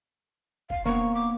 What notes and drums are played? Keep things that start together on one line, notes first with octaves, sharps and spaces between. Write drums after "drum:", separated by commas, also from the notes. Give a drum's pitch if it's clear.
F5, drum: kick
A#3 B3 C#6
D6